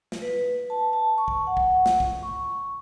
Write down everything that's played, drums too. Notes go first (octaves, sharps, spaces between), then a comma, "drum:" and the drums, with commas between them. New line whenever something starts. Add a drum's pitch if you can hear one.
drum: snare
B4
A5
A5
C#6
drum: kick
F#5
drum: kick
drum: snare
drum: kick
C#6